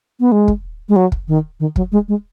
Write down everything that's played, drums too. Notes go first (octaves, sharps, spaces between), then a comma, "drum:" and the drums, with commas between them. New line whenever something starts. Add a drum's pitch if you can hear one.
B3
G#3
drum: kick
G#3
F#3
drum: kick
D#3
D#3
F#3, drum: kick
G#3
G#3